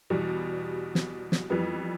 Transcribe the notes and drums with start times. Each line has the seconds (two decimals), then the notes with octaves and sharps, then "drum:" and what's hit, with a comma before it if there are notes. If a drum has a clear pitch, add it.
0.10 E2 B2 G3
0.95 drum: snare
1.32 drum: snare
1.50 F2 E3 G3 B3